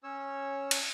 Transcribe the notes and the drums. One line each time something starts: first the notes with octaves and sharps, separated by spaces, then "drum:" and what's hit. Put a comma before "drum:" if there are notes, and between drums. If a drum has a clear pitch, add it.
C#4 C#5 E6
drum: cymbal